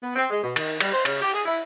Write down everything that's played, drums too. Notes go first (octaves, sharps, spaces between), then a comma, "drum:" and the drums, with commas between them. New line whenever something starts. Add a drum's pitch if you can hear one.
B3
C4
G#3
B2
D#3, drum: cymbal
G3, drum: cymbal
C5
C#3, drum: cymbal
G4
G#4
E4